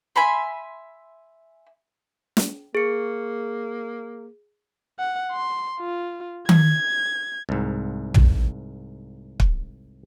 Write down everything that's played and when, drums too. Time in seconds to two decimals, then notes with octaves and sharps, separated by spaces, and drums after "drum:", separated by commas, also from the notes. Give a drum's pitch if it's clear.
0.16 E5 G#5 B5 C6
2.37 drum: snare
2.75 A#3 G#4 C#7
5.00 F#5
5.32 C6
5.80 F4
6.49 G#6, drum: tom D#3
7.49 C2 G#2
8.14 drum: tom
9.40 drum: kick